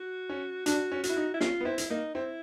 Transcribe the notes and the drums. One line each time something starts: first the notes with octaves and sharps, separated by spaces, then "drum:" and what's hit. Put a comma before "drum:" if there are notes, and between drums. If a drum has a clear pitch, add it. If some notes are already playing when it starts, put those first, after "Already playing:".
Already playing: F#4
C#4
D4 F#4, drum: hi-hat
C#4
F#4, drum: hi-hat
E4
D#4
E4
C#4 F4, drum: snare
B3
C4 E4
drum: hi-hat
A#3 D#4
C4 E4